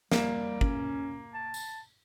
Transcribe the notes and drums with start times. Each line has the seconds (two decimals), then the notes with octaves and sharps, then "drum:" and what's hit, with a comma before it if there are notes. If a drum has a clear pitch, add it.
0.12 G3 A#3, drum: snare
0.61 C#4, drum: kick
1.34 A5
1.54 drum: tambourine